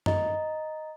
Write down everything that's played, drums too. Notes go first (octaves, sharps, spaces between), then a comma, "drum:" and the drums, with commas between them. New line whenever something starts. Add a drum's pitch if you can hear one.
D#5 A#5, drum: tom